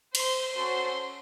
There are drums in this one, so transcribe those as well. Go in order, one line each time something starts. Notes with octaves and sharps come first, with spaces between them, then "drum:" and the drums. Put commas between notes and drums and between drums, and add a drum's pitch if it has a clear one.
C5 C6, drum: cymbal
C#4 F#4 A4 C5 C6